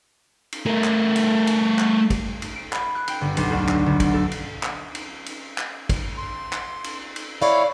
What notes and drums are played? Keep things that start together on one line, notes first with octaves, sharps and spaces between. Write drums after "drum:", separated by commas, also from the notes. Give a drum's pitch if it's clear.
drum: cymbal
A3 A#4
drum: clap
drum: cymbal
drum: cymbal
drum: clap
drum: kick, cymbal
drum: cymbal
D7
B5, drum: clap
F#6
G5, drum: cymbal
G1
B1, drum: cymbal
D2
drum: clap
G1
drum: kick, cymbal
A4
drum: cymbal
drum: clap
drum: cymbal
drum: cymbal
drum: clap
drum: kick, cymbal
C6
drum: clap
drum: cymbal
drum: cymbal
E4 C#5 D5 F5